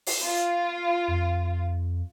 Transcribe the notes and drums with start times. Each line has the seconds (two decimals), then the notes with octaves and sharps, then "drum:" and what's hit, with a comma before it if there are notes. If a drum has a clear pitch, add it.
0.06 drum: open hi-hat
0.24 F4
1.08 F2